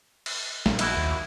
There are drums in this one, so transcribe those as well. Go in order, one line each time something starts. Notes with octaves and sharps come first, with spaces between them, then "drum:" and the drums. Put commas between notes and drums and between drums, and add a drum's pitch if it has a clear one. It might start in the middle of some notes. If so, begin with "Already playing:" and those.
drum: cymbal
A#1, drum: snare
D#4 E4 F#4, drum: cymbal
D#2